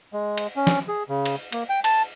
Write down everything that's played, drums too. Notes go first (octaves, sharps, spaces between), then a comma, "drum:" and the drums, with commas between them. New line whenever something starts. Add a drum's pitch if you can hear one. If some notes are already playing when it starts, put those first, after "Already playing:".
G#3
drum: cymbal
C#4
drum: snare
G#4
C#3
drum: cymbal
A#3, drum: cymbal
G5
A5, drum: cymbal